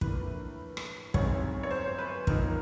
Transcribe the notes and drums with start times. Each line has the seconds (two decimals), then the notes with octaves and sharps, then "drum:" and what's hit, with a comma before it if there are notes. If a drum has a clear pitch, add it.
0.01 A2 F3 A#3 D4 B4, drum: kick
0.77 drum: rim click
1.14 G1 F#2 D#3 G#3 C4 C#5, drum: kick
1.63 C#5
1.71 C5
1.99 B4
2.27 G#1 G#2 F3 A#3 D#4 A#4, drum: kick